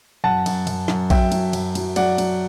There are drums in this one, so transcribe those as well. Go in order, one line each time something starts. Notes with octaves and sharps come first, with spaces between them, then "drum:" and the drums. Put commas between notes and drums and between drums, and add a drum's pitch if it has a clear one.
F#2 F#5 A5
F#2, drum: cymbal
F#2, drum: cymbal
F#2, drum: snare
F#3 E5 G5, drum: kick A#1, cymbal
F#3, drum: cymbal
F#2, drum: cymbal
F#3, drum: cymbal
F#3 D5 F#5, drum: cymbal
F#3, drum: cymbal